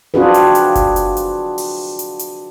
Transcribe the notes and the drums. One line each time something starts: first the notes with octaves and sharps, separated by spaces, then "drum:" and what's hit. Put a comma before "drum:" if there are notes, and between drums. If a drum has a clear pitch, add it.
C4 D4 F4 F#4 G#4 B4
drum: hi-hat
drum: hi-hat
drum: kick F#1, hi-hat
drum: hi-hat
drum: hi-hat
drum: open hi-hat
drum: hi-hat
drum: hi-hat